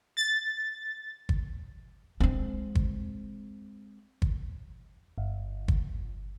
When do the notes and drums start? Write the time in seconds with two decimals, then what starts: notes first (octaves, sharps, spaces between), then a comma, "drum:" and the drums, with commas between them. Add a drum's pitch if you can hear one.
0.17 A6
1.29 drum: kick
2.20 G#3 C4
2.75 drum: kick
4.22 drum: kick
5.18 G1
5.68 drum: kick